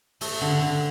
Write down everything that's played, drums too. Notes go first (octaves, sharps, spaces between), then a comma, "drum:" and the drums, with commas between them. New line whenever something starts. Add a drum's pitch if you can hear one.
A3, drum: open hi-hat
D3
D3